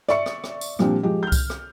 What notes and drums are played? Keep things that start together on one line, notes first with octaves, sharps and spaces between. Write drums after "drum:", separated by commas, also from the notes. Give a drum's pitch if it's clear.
D5 E5 C#6 C#7, drum: rim click
drum: rim click
drum: rim click
drum: tambourine
A#2 F3 G3 C4 D4 G4, drum: rim click
F3 G#3 G4
F6 G6
drum: kick C2, tambourine
drum: rim click